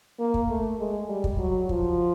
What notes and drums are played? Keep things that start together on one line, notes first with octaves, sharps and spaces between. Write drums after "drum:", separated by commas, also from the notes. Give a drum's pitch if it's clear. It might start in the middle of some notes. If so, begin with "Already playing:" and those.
A#3
drum: kick
A3
G#3
G3
drum: kick
F#3
F3, drum: kick